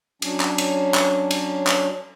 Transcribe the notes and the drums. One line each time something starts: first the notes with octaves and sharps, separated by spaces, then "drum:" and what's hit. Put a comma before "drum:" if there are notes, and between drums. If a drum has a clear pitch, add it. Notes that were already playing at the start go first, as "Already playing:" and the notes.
F#3 C#4 D4, drum: cymbal
drum: clap
drum: cymbal
drum: clap
drum: cymbal
drum: clap